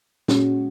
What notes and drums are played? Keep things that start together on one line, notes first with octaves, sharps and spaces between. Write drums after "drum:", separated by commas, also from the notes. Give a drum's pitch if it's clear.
A#2 G#3 C#4 F#4, drum: snare